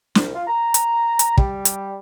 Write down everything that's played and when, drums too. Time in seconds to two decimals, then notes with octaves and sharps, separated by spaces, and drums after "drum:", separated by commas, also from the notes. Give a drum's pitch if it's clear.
0.15 C2, drum: snare
0.34 F4
0.47 A#5
0.74 drum: hi-hat
1.19 drum: hi-hat
1.38 G3, drum: kick
1.65 drum: hi-hat